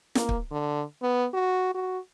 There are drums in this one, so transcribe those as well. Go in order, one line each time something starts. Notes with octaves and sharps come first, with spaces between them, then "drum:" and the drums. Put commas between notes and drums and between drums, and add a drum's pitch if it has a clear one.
A#3, drum: snare
drum: kick
D3
B3
F#4
F#4